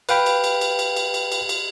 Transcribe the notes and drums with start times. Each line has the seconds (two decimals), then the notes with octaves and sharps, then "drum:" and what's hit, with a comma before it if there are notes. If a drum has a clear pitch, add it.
0.09 B4 F5 G5 B5, drum: cymbal
0.26 drum: cymbal
0.44 drum: cymbal
0.61 drum: cymbal
0.79 drum: cymbal
0.96 drum: cymbal
1.14 drum: cymbal
1.32 drum: cymbal
1.49 drum: cymbal